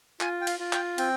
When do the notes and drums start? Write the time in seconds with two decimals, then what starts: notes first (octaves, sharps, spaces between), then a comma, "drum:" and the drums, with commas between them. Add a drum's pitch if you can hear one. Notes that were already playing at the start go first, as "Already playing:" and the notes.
0.21 F4 G#5, drum: clap
0.41 G5
0.47 F5, drum: cymbal
0.59 F4
0.73 G5, drum: clap
0.98 C4 G5, drum: cymbal